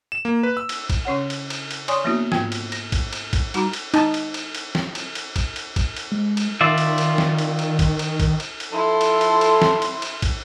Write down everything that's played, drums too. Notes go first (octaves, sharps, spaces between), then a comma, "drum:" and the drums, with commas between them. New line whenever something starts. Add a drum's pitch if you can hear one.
E7
A#3
B4
E6
drum: cymbal
drum: kick, cymbal
C#3 C#4 C#5 F#5
drum: cymbal
drum: cymbal
drum: cymbal
C#5 D5 G#5 C6 C#6 D#6, drum: cymbal
F3 A#3 B3 D4 E4 F#4
G#2 F4 G5 G#6, drum: snare
drum: cymbal
A#6, drum: cymbal
drum: kick, cymbal
drum: cymbal
drum: kick, cymbal
G3 D#4 F#4 A#5 B5 D6, drum: cymbal
drum: cymbal
D#4 A5, drum: cymbal
drum: cymbal
drum: cymbal
drum: cymbal
drum: snare
drum: cymbal
drum: cymbal
drum: kick, cymbal
drum: cymbal
drum: kick, cymbal
drum: cymbal
G#3
drum: cymbal
D#3 F4 D5 E5
drum: cymbal
drum: cymbal
drum: snare
drum: cymbal
drum: cymbal
drum: kick, cymbal
drum: cymbal
drum: kick, cymbal
drum: cymbal
drum: cymbal
F3 E4 A4 C6
drum: cymbal
drum: cymbal
drum: cymbal
drum: snare
drum: cymbal
drum: cymbal
drum: kick, cymbal